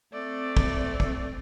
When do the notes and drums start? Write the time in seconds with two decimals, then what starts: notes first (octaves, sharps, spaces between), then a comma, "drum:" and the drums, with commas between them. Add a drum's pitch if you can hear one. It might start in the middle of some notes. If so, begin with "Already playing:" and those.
0.13 A3 C4 D5
0.57 drum: kick
1.00 drum: kick